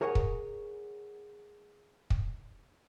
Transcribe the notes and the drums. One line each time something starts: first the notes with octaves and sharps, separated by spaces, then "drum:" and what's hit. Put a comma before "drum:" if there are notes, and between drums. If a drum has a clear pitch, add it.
G#4 A#4 C#5 F#5 G#5
drum: kick
drum: kick